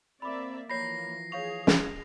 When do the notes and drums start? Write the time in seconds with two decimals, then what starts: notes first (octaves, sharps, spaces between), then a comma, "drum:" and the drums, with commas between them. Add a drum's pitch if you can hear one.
0.22 A#3 C4 D5 E5 B5 D6
0.70 E3 F3 A#3 C#5 B5 A#6 C7
1.32 G#4 C#5 F5 C#6 F7
1.67 drum: snare